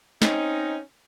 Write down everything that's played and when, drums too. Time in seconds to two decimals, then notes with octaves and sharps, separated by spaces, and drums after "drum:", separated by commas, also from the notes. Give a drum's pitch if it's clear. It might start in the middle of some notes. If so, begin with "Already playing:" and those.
0.22 C4 C#4 D#4, drum: snare